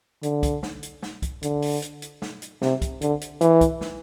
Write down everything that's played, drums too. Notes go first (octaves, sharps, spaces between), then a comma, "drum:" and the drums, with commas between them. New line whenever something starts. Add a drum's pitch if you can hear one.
D3, drum: hi-hat
drum: kick, hi-hat
drum: snare
drum: hi-hat
drum: snare
drum: kick, hi-hat
D3, drum: hi-hat
drum: open hi-hat
drum: hi-hat
drum: hi-hat
drum: snare
drum: hi-hat
C3, drum: snare
drum: kick, hi-hat
D3, drum: hi-hat
drum: hi-hat
E3, drum: hi-hat
drum: kick, hi-hat
drum: snare